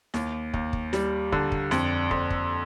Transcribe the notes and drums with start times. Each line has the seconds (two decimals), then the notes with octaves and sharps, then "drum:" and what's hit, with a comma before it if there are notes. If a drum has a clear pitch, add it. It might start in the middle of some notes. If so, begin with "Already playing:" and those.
0.14 D#2, drum: snare E4
0.54 D#2, drum: kick
0.73 drum: kick
0.93 G3, drum: snare E4
1.32 D3, drum: kick
1.52 drum: kick
1.71 F2, drum: snare E4
2.11 F2, drum: kick
2.31 drum: kick